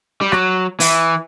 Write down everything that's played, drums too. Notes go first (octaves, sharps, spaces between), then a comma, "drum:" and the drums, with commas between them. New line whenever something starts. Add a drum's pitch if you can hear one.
G3
F#3, drum: rim click
E3, drum: open hi-hat